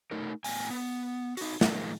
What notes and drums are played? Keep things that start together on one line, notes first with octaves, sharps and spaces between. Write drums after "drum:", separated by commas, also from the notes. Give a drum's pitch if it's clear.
A3 D#4 A#4
A2 B3 G5 G#5, drum: open hi-hat
B3
D#4 F#4, drum: open hi-hat
D4 F4 F#4 A4 A#4, drum: snare
A2 D#3 F3 G#3 A#3